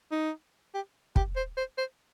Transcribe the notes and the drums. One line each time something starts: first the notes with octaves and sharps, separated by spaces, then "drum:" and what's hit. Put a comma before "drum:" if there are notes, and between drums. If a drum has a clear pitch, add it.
D#4
G4
G4, drum: kick
C5
C5
C5